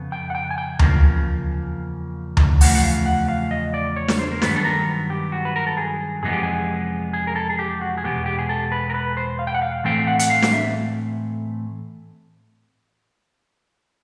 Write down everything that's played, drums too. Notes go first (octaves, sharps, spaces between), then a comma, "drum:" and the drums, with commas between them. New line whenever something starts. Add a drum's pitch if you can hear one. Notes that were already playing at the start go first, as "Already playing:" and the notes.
Already playing: F2 C#3 B3
G5
F#5
G5
G#5
G5
E2 C#3 F3 A#3, drum: tom D2
drum: tom D2
E2 C#3 F3 A3 F#5, drum: open hi-hat
F#5
F5
F#5
F5
D#5
D5
C#5
drum: snare
C5
A#4
G2 D#3 F#3 B3 B4, drum: snare
A4
A#4
G4
F#4
B4
A#4
A4
G#4
F2 C3 E3 G#3 B3 G#4
G4
G#4
G#4
A#4
A4
G#4
G4
F#4
G#4
E2 B2 G#3 B3 G4
G4
G#4
A4
B4
A#4
B4
C5
F5
G5
F#5
F5
A2 E3 A3 C4 G5
F#5
F#5, drum: hi-hat
F5
drum: snare
E5